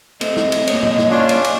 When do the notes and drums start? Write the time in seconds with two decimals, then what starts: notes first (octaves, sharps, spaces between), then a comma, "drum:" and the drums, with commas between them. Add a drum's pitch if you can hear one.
0.21 A3 C4 D#5, drum: cymbal
0.37 drum: snare
0.52 drum: cymbal
0.67 A#3 G#4 C#5, drum: cymbal
0.83 drum: tom
0.98 drum: snare
1.10 C#4 D4 F4
1.29 drum: cymbal
1.44 drum: cymbal